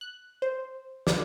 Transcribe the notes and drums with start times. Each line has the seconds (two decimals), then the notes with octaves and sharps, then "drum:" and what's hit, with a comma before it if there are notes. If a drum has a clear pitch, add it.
0.01 F#6
0.42 C5
1.07 D5, drum: snare